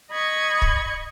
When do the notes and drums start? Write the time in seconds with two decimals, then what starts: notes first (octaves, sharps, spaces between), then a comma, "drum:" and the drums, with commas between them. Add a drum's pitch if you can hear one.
0.11 D#5 B5 C#6 G#6
0.62 drum: kick